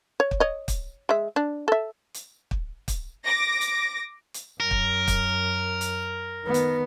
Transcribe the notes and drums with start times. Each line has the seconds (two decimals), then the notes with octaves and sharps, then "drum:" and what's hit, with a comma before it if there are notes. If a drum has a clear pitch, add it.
0.20 C#5
0.31 drum: kick
0.40 C#5 D#5
0.68 drum: kick, hi-hat
1.09 G#3 E5
1.36 D4
1.68 A4 E5
2.14 drum: hi-hat
2.51 drum: kick
2.88 drum: kick, hi-hat
3.24 D6 A#6
3.61 drum: hi-hat
4.34 drum: hi-hat
4.60 F#2 A#4
4.71 drum: kick
5.08 drum: kick, hi-hat
5.81 drum: hi-hat
6.45 D#3 B3
6.54 drum: hi-hat